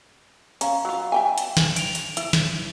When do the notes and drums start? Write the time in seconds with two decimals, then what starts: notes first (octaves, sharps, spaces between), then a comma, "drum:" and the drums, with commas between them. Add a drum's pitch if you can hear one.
0.61 C#4 F5 A#5, drum: hi-hat
0.85 F#3 F4
1.12 E5 G5 G#5
1.38 drum: hi-hat
1.57 drum: snare
1.76 D7 F7, drum: hi-hat
1.95 drum: hi-hat
2.17 E4, drum: hi-hat
2.33 drum: snare